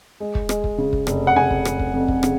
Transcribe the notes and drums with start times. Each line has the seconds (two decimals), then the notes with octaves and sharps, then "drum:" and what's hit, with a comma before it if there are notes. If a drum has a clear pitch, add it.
0.20 G#3
0.35 drum: kick
0.49 G#3, drum: rim click
0.64 drum: kick
0.78 C#3
0.93 drum: kick
1.07 F1, drum: rim click
1.27 F#5
1.36 C#3 G#5
1.51 drum: kick
1.65 F1, drum: rim click
1.79 drum: kick
1.93 F2
2.08 drum: kick
2.23 C#3, drum: rim click